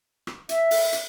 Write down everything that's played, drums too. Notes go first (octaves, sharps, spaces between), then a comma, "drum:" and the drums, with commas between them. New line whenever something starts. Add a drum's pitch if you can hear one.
drum: rim click
E5, drum: hi-hat
drum: open hi-hat
drum: hi-hat